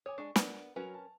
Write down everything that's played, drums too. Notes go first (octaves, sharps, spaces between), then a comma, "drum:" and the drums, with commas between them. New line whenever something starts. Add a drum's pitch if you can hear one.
C#5 G#5 D6 D#6
G#3 D4 C#6
B3 D4 A#4 D5, drum: snare
F#3 C#4 A#4 B4 F7
A5